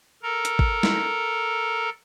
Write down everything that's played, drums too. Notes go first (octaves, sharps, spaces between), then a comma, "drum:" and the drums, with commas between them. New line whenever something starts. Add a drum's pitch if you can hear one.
A4 A#4 A#5
drum: hi-hat
drum: kick G#1
drum: snare